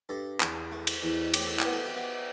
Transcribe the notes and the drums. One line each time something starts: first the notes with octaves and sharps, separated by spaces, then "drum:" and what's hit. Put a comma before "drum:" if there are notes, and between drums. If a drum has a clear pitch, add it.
G2 A4
E2 B4, drum: clap
A3
drum: cymbal
E2
A2 G4, drum: cymbal
A4
G4, drum: clap
B3
A4
G4
B3